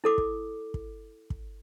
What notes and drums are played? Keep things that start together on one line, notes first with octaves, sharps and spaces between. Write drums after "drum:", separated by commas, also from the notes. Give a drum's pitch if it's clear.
E4 A4 D6
drum: kick
drum: kick
drum: kick